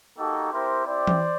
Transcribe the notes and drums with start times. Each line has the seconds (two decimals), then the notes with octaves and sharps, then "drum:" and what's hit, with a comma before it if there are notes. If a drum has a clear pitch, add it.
0.18 A#3 D#4 F#4 G4 A4
0.51 C4 E4 G4 A#4 C5
0.85 C4 E4 G4 C5 D5
1.07 drum: tom E3